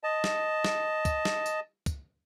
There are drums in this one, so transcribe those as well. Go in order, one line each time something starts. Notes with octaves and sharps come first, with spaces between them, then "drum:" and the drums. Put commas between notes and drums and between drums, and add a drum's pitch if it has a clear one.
D#5 A5
drum: snare
drum: snare
drum: kick, tambourine
drum: snare
drum: tambourine
drum: kick, tambourine